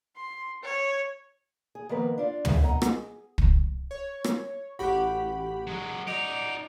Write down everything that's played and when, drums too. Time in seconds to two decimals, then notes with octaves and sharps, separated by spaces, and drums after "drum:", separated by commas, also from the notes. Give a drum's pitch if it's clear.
0.16 C6
0.63 C#5
1.75 G#4
1.89 D#3 F3 A#3 B3 A#4 B4
2.18 D4 F4 D5
2.45 E2 C#3 F#4 G#4 C#5 E5, drum: tom
2.63 B2 D#5 F#5 A#5
2.82 G#4, drum: rim click
3.38 drum: kick
3.91 C#5
4.24 drum: rim click
4.79 A1 F#4 G4 F#5 B5
5.67 F#3 G#3
6.07 D#4 D5 D#5 F7